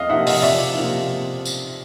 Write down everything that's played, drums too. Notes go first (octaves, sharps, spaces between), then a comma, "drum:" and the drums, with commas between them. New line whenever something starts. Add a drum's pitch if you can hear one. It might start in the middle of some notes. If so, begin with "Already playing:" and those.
Already playing: F2 D#5 F5
C3 F3 A#3 D#4 E5 F#5
D#5 F5, drum: open hi-hat
F2 D5 E5
C3 F3 A#3 D#4
drum: tambourine